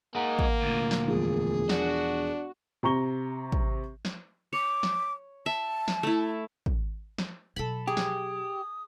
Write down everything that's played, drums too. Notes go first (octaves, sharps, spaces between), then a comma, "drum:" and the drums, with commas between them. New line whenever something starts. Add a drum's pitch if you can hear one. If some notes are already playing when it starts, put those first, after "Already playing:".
G#3 A#3 D#4 F#5
drum: kick
D2 A#2
drum: snare
E1 F3 G#4
D4 F#4 F#5, drum: snare
C3 A#5 C#6 G7
drum: kick
drum: snare
C#5 D6
drum: snare
E5 A5
drum: snare
A3 E4
drum: kick
drum: snare
B2 F#3 A4 B5
G4 G#4 D#6
drum: snare